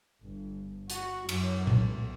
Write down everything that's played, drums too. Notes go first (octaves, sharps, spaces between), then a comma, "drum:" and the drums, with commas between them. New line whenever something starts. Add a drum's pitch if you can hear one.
G1
F#4, drum: hi-hat
F#2, drum: cymbal
B1, drum: tom A#2